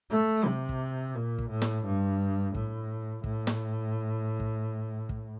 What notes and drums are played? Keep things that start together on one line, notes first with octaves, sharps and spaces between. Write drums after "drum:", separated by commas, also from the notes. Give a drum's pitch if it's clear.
A3
C3
drum: kick
A#2
drum: kick
A2
drum: snare
G2
A2, drum: kick
A2, drum: kick
drum: snare
drum: kick
drum: kick